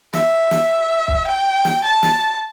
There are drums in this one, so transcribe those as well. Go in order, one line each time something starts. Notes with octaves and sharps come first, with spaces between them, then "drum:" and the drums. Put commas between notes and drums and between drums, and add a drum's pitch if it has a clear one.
E5, drum: snare
drum: snare
drum: kick B1
G5
drum: snare
A5
drum: snare